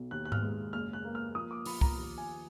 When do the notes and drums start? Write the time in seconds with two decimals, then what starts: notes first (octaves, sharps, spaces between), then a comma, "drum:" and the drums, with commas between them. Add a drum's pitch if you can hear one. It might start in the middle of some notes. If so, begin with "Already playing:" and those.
Already playing: B1
0.11 D#2 F#6
0.25 F#6
0.32 F6, drum: tom G#2
0.42 G#3
0.73 F#1 F6
0.93 F#6
1.05 A#3
1.15 F6
1.35 F3 D#6
1.51 D6
1.66 F3 B5, drum: open hi-hat
1.81 A#5, drum: kick C2
1.97 D#2
2.18 G#5